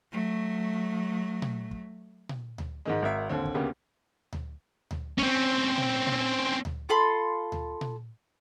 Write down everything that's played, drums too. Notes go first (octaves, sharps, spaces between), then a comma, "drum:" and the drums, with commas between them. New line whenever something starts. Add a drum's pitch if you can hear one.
F#3 A3
drum: tom A#2
drum: kick
drum: tom A#2
drum: tom D2
G#2 D#3 G#3
G#1 A#4 E5
D#2 D3 C4
drum: kick
D2 C#3 A#3 B3 G4
drum: tom D2
drum: tom D2
C4 C#4, drum: kick
drum: tom A#2
drum: tom A#2
drum: tom D2
F4 A4 B5 C6
drum: tom D2
drum: tom A#2